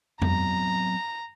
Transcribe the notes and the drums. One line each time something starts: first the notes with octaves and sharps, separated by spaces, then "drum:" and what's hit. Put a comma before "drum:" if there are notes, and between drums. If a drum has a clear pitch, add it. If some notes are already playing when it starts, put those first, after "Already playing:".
F#3 B3 C4 A#5, drum: tom F2